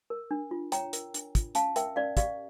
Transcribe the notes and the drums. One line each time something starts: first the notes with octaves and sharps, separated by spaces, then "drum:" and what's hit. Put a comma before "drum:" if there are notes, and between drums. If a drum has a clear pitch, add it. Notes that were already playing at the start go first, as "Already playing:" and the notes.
A#4
D4
F4
C#5 G5 A#5, drum: hi-hat
A#4, drum: hi-hat
D4, drum: hi-hat
F4, drum: kick, hi-hat
C#4 F5 A5, drum: hi-hat
A#4 E5 G5, drum: hi-hat
C#4 D5 F5
G4 D5 F5, drum: kick, hi-hat